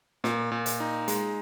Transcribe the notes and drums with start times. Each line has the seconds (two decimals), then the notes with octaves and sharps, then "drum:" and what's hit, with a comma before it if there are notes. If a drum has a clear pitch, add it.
0.24 A#2, drum: snare
0.52 A#2
0.66 drum: hi-hat
0.80 D#4
1.08 G#3, drum: hi-hat